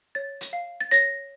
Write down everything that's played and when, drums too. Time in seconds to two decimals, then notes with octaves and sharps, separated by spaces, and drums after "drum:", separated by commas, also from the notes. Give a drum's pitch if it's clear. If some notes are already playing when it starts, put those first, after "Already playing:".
0.15 C#5 A6
0.41 drum: hi-hat
0.53 F5
0.81 A6
0.91 C#5 A#6, drum: hi-hat